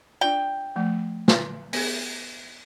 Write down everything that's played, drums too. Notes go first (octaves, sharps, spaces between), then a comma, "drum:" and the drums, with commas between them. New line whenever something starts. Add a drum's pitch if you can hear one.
D4 F4 D5 G5
F3 A3
B4 C6, drum: snare
B3 G4 G#4, drum: open hi-hat